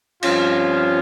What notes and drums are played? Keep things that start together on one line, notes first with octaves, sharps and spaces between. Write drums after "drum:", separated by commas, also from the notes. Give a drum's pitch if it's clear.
G2 F3 C4 C#4 F4, drum: cymbal